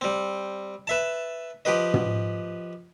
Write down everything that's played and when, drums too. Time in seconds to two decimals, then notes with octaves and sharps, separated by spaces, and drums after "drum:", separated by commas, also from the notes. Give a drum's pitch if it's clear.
0.01 G3 C4
0.87 B4 E5 A5
1.65 F3 G4 B4 D#5
1.94 drum: tom